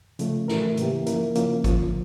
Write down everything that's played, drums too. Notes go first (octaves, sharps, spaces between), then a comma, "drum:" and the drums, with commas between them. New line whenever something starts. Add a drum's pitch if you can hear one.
C#3 F3 A3, drum: hi-hat
A2 E3 A3 E4 A#4, drum: snare
C#3 E3 A#3 E4 G4, drum: hi-hat
G2 F3 A#3 E4 A#4, drum: hi-hat
C#3 F3 A#3 C#4, drum: hi-hat
E2 D3 F3, drum: kick, hi-hat